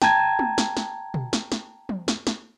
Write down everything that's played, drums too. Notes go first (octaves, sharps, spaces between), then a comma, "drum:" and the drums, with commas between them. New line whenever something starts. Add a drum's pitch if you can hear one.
G5 A5 A#5 G#6, drum: snare
drum: tom
drum: snare
drum: snare
drum: tom
drum: snare
drum: snare
drum: tom
drum: snare
drum: snare